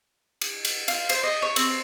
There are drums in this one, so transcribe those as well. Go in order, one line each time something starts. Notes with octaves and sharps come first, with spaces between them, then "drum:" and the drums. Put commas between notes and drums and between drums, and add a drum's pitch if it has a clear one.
drum: cymbal
drum: cymbal
F4, drum: cymbal
C5, drum: cymbal
D#5
C#5
C4, drum: cymbal